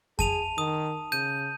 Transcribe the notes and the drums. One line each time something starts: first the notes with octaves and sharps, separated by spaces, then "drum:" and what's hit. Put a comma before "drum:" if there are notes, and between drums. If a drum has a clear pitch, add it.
G#4 A5 D#7 F7, drum: kick F2
D#3 D#6
C#3 G6 D#7